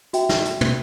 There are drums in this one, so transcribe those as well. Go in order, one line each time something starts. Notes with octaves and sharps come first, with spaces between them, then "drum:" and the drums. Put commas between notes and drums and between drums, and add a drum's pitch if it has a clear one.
F#4 E5 G5, drum: hi-hat
drum: snare
drum: hi-hat
drum: tom